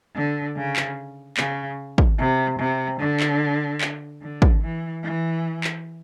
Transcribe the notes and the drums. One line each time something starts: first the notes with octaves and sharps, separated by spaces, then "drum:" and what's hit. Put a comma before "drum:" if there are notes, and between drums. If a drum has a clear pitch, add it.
D3
C#3
drum: clap
C#3, drum: clap
drum: kick
C3
C3
D3
drum: clap
drum: clap
D3
drum: kick
E3
E3
drum: clap